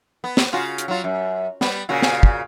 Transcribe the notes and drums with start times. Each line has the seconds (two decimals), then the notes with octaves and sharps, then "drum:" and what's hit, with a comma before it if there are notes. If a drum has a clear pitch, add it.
0.24 B3
0.37 drum: snare
0.53 C#3 F4 F#4
0.78 drum: hi-hat
0.88 F#3 F4
1.04 F#2
1.61 G3 B3, drum: snare
1.89 A#2 C#3 F#4
2.02 drum: snare
2.23 drum: kick